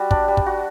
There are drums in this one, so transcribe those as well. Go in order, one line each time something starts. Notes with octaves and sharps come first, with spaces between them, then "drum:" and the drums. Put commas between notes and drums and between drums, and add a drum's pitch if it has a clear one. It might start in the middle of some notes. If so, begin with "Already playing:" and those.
Already playing: G3 F#4
D4, drum: kick
G3
drum: kick
F#4